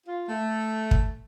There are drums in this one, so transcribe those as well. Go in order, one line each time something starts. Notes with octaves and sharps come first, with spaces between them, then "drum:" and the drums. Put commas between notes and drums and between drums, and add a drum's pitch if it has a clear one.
F4
A3
drum: kick